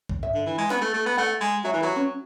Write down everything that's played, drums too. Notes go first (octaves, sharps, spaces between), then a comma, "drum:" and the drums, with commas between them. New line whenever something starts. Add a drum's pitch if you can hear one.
drum: kick
E5, drum: tom G2
D3
E3
G#3
B3, drum: snare
A3
A3
B3
A3 F#5
G#3
F#3 E5
E3
F#3 B4
C#4